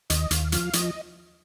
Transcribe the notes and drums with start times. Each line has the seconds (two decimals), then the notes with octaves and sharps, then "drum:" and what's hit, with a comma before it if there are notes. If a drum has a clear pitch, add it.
0.10 D#2 D#5, drum: hi-hat
0.31 D#2 F5, drum: hi-hat
0.52 F3 F5, drum: hi-hat
0.73 F3 D#5, drum: hi-hat